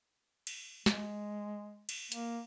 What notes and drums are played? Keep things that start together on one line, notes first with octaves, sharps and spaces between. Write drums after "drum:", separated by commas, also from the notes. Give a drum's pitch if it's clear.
drum: cymbal
G#3, drum: snare
drum: cymbal
A#3, drum: hi-hat